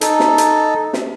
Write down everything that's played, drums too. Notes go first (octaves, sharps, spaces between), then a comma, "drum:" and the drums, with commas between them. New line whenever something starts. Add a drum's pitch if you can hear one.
D#4 A4, drum: hi-hat
drum: snare
drum: hi-hat
drum: snare